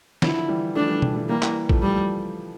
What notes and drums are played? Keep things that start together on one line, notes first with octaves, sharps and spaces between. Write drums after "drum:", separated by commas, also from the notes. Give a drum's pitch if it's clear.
D3 F3 E4, drum: snare
E3 G3
F3 A3 D4
E3 G3
E3 G3, drum: tom B2
E3 G3
E3 G3 A#3
E3 G3, drum: clap
F3 A3, drum: kick A1
F3 G3 A3